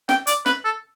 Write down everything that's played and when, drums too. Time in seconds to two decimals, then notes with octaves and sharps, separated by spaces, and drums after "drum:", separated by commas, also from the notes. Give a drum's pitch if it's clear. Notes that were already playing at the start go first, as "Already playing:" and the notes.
0.09 G5, drum: snare
0.27 D5, drum: hi-hat
0.46 B4, drum: snare
0.65 A4